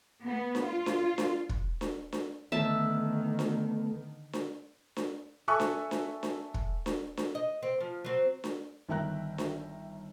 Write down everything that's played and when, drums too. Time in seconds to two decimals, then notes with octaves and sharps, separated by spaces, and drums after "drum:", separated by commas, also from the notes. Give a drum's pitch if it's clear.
0.24 B3
0.55 drum: snare D4
0.65 F4
0.86 drum: snare D4
1.18 drum: snare D4
1.49 drum: kick
1.81 drum: snare D4
2.12 drum: snare D4
2.52 D3 D#3 A3 B3 E5 A5
3.39 drum: snare D4
4.33 drum: snare D4
4.97 drum: snare D4
5.48 A4 E5 G#5 C#6 E6 F#6
5.60 drum: snare D4
5.91 drum: snare D4
6.23 drum: snare D4
6.54 drum: kick
6.86 drum: snare D4
7.17 drum: snare D4
7.35 D#5
7.63 C4
7.81 F3
8.04 F#3 C4
8.44 drum: snare D4
8.88 G1 D#3 E5 G5 A#5 F#6
9.38 drum: snare D4